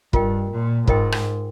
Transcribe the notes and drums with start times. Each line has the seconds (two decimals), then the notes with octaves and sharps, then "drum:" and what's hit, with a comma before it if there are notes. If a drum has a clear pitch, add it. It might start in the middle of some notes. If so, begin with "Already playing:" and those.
0.13 G2 F4 A#4 D#5 G5, drum: kick
0.51 A#2
0.87 G#2 F4 A#4 D#5 G5, drum: kick
1.12 drum: rim click